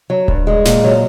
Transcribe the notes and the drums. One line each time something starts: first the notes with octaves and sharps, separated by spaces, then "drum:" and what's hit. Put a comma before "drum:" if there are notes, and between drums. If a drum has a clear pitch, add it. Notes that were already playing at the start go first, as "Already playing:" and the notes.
F#3
G2, drum: kick D1
G#3
A#2, drum: snare
F#3